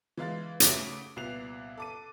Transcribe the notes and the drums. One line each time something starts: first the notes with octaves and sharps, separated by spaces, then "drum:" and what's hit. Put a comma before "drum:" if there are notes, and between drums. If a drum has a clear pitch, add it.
E3 G#3 F5 A6
C#3 A3 F#4 D6 B6 D7, drum: hi-hat
C2 A#2 B3 F#6 C7 F7
A4 D6 D#7